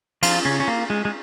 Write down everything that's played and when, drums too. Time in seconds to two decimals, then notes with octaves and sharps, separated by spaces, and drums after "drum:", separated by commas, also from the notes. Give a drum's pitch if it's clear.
0.23 F3 F4, drum: cymbal
0.45 C#3 C#4
0.60 C#4
0.68 A#3
0.90 G#3
1.05 G#3